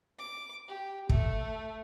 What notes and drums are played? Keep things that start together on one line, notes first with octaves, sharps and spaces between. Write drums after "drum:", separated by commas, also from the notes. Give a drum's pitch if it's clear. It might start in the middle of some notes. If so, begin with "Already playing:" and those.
D6
G4
A3, drum: kick